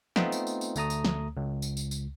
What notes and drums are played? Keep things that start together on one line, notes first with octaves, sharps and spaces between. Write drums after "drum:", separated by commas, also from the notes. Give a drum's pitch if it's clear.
A3 B3 C4 D#4 F4, drum: snare
drum: tambourine
drum: tambourine
drum: tambourine
D2 A3 A#5 D#6, drum: tambourine
drum: tambourine
drum: snare
C#2
drum: tambourine
drum: tambourine
drum: tambourine